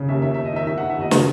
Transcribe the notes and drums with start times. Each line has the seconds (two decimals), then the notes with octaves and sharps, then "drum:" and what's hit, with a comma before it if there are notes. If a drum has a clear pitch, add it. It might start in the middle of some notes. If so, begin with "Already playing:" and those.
Already playing: C#3
0.08 D#2 E5
0.22 D#3 E5
0.34 D#3 E5
0.45 D#5
0.53 D#3 E5
0.66 D#3 E5
0.78 D#3 F#5
0.90 E5
0.97 D#2 D#5
1.11 C#3, drum: snare